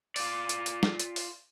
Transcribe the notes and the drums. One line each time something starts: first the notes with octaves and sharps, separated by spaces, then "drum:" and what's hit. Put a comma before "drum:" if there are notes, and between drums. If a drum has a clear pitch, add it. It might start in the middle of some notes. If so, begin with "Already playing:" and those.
F4 D5, drum: open hi-hat
drum: hi-hat
drum: hi-hat
drum: snare
drum: hi-hat
drum: open hi-hat